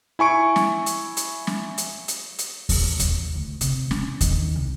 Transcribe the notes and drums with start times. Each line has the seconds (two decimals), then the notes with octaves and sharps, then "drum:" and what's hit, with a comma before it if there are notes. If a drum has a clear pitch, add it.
0.19 E4 G#5 C#6 D7
0.56 drum: snare
0.86 drum: hi-hat
1.17 drum: hi-hat
1.47 drum: snare
1.78 drum: hi-hat
2.08 drum: hi-hat
2.38 drum: hi-hat
2.69 drum: kick D#2, open hi-hat
2.99 drum: kick D#2, hi-hat
3.35 D2
3.61 C3, drum: hi-hat
3.91 E3 C#4, drum: snare
4.21 D#3, drum: kick D#2, hi-hat
4.55 C2